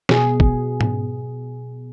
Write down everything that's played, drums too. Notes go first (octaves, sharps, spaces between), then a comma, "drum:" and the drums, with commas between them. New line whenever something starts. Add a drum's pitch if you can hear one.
B2 G#4, drum: snare
drum: kick
drum: tom G#2